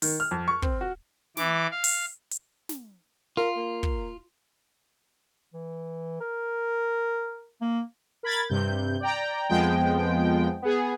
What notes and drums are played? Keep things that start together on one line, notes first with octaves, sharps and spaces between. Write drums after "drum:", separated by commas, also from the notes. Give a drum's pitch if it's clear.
D#3, drum: open hi-hat
F6
F2
C#6
C4, drum: kick
F#4
E3 D6, drum: snare
F5
drum: open hi-hat
drum: hi-hat
drum: snare
F4 A#4
A#3
drum: kick
E3
A#4
A#3
A#4 B5 G#6 A6
G2 C3 G6
D5 G5 A#5
F2 F3 G#3 B3 G5
B3 G#4